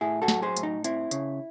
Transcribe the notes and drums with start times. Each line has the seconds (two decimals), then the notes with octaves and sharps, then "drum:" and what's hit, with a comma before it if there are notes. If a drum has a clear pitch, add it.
0.01 A2 E4 G#4
0.22 F#4 A4
0.28 F#3, drum: snare
0.42 G#4 C5
0.57 A2, drum: hi-hat
0.63 D#4
0.84 C4 E4, drum: hi-hat
1.11 C#3, drum: hi-hat